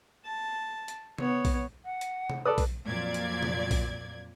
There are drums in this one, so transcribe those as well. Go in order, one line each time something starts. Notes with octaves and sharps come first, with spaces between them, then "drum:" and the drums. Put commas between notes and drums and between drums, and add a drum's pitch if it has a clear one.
A5
drum: hi-hat
B3 C#5, drum: tom C3
drum: kick B1, open hi-hat
F#5
drum: hi-hat
drum: tom C3
A4 B4 D5 D#6
drum: kick B1, open hi-hat
F2 A#2 F#3 D5 G#6
drum: hi-hat
drum: tom C3
drum: kick B1, open hi-hat